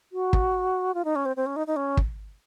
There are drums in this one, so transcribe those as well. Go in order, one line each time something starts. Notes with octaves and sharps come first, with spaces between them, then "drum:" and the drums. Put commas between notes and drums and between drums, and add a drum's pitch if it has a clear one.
F#4
drum: kick
F4
D#4
C#4
C4
C4
C#4
D#4
D#4
C#4
drum: kick